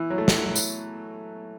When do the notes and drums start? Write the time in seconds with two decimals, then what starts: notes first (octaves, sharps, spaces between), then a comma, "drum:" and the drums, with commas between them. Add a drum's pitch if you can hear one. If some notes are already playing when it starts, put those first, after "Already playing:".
Already playing: E3
0.10 F#3
0.18 A3
0.28 drum: snare
0.56 drum: tambourine